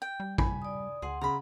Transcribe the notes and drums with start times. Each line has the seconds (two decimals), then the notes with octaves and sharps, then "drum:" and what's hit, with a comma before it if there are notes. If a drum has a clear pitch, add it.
0.02 G5
0.20 G3
0.38 G#5 B5, drum: kick
0.62 D5 D#6
1.02 D2 G#4 F#5 C6
1.21 C#3 A#5 B5